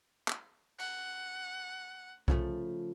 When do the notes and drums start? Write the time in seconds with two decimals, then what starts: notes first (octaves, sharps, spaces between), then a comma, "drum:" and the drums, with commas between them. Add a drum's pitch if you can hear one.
0.28 drum: clap
0.79 F#5, drum: cymbal
2.28 C#3 F3 A3, drum: kick B1